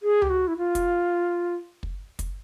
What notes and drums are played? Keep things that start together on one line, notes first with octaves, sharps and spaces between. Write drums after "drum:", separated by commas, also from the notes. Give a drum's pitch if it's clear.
G#4
G4, drum: tom C#2
F#4
E4
F4
drum: kick, hi-hat
drum: kick
drum: kick, hi-hat